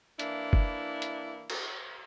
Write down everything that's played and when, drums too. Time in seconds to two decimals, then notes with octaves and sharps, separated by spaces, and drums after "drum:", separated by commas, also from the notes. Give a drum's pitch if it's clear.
0.19 E3 A#3 D4 E4, drum: hi-hat
0.53 drum: kick
1.02 drum: hi-hat
1.50 drum: cymbal